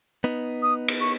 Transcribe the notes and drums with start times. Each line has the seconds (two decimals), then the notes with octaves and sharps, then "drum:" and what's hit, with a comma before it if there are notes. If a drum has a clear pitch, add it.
0.24 B3 D#4
0.62 D#6
0.88 drum: cymbal
1.00 C#6